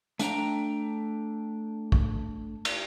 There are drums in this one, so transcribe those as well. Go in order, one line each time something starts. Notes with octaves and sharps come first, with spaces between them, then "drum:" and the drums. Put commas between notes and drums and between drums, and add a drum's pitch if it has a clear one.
A3 D4 G5 A#5, drum: hi-hat
drum: kick
drum: cymbal